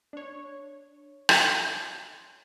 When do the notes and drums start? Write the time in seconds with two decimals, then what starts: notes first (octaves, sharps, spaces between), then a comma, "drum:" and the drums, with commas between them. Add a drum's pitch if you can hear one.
0.13 D4 C#5
1.29 drum: rim click